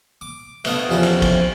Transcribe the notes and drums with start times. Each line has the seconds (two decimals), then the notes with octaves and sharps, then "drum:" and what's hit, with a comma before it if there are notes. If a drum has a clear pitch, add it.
0.21 D6
0.65 A3 B3 D4 F5 D#6, drum: cymbal
0.89 E2 C3 F3 C#4 A4 G5
1.03 drum: cymbal
1.22 drum: kick, cymbal